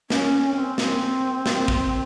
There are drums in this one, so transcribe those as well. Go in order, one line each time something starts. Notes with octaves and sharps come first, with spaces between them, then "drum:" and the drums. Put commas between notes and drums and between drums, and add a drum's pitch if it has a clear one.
C#4, drum: snare
C4
drum: snare
drum: snare
drum: kick